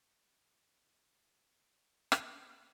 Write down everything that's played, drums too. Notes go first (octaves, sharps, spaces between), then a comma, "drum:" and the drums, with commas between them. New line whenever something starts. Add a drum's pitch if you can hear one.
B2 D#4 F#5 G#5 C#6 G6
D1 D#3 G#3 F4 A#4 B4
drum: rim click